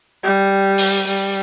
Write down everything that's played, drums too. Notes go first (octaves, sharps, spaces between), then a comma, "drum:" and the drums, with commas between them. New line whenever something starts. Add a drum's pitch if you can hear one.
G3
drum: open hi-hat
G3